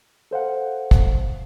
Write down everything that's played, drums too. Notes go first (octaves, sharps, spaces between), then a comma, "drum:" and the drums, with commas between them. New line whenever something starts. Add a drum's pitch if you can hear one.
A4 C5 F5 F#5
drum: kick